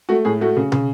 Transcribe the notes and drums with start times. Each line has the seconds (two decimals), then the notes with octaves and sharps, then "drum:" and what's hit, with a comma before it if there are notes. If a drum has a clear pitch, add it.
0.09 A3 F#4
0.25 A2 G#4
0.41 A3 F#4
0.57 C#3
0.72 C#3, drum: tom